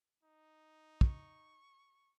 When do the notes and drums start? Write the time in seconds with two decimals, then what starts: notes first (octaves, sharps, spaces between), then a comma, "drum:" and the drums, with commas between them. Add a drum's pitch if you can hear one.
0.23 D#4
1.01 C#6, drum: kick